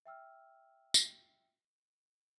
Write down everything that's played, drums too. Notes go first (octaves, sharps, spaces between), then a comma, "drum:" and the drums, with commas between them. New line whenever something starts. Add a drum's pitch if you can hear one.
E5 G5 E6 F6
drum: tambourine